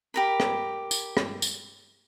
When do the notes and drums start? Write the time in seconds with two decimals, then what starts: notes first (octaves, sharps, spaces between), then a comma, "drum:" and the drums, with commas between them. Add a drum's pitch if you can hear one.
0.14 G4 A#4 B5
0.40 drum: rim click
0.91 drum: tambourine
1.17 drum: rim click
1.42 drum: tambourine